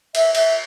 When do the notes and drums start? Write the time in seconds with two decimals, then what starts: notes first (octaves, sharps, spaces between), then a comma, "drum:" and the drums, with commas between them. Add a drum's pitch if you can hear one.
0.15 E5, drum: cymbal
0.35 E5, drum: cymbal